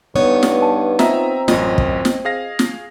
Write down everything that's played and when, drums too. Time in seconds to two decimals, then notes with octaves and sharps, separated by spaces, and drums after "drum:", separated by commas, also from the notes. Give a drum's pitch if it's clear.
0.16 G2 B3 D#4 C#5
0.43 drum: snare
0.62 A5
0.99 C4 F4 D#5 E5 A#5, drum: snare
1.48 A1 F#2 F4 D#5, drum: snare
1.78 drum: kick
2.05 drum: snare
2.25 G#4 F5 A#6
2.59 drum: snare